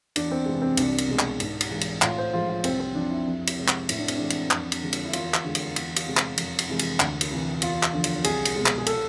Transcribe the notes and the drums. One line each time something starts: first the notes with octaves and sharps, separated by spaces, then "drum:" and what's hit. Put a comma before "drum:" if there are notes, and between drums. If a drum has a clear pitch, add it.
E2 D4, drum: cymbal
C4
C3 E3 G#3
C4
C2 D4, drum: cymbal
drum: cymbal
B2 G#3
drum: clap
G#2, drum: cymbal
drum: cymbal
E3 G#3
drum: cymbal
A2 F4, drum: clap
C5
F3 G#3 F4
F4
C2 C4, drum: cymbal
C4
C3 F3 D4
E4
F2
drum: cymbal
C3 G#3
drum: clap
A2 E4, drum: cymbal
D4
C4, drum: cymbal
E3 G#3 D4
drum: cymbal
F2, drum: clap
drum: cymbal
D3 F3 G#3
drum: cymbal
E4
E2 F4, drum: cymbal
drum: clap
D3 G#3
drum: cymbal
E2, drum: cymbal
drum: cymbal
C3 G#3
drum: clap
F2, drum: cymbal
drum: cymbal
C3 E3 G#3
drum: cymbal
D2, drum: clap
drum: cymbal
C3 E3
E2 F4, drum: cymbal
drum: clap
D3 F3
drum: cymbal
C2 G#4, drum: cymbal
drum: cymbal
B2 G#3
drum: clap
G#4
A4, drum: cymbal